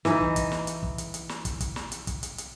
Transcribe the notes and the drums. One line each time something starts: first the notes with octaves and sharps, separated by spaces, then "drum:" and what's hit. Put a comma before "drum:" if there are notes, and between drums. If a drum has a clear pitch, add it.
E3 D#4, drum: snare
drum: kick
drum: kick, hi-hat
drum: snare
drum: hi-hat
drum: kick
drum: hi-hat
drum: hi-hat
drum: snare
drum: kick, hi-hat
drum: kick, hi-hat
drum: snare
drum: hi-hat
drum: kick, hi-hat
drum: hi-hat
drum: hi-hat